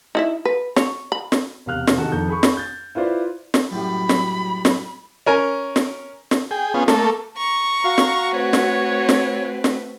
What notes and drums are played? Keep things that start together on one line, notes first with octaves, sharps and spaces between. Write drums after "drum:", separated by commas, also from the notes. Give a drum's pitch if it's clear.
D#4 E4 E5
B4
C#5, drum: snare
B5
drum: snare
E1 C3 F5 F6 F#6
drum: snare
C3 D#3 F#4 G#4 A4
F2 D#3 A4 G6
G#4 B5 C#6
drum: snare
G6 A6
E4 F4 B4 C5 D5
drum: snare
F#2 A2 F#3 G3 B5
drum: snare
drum: snare
C#4 A#4 G#5
drum: snare
drum: snare
G#4 G5
B3 C#4 F4 G#4
A3 A#3 A4, drum: snare
A#5 C#6
F#4 F5
drum: snare
A3 C4 B4 C#5
drum: snare
drum: snare
drum: snare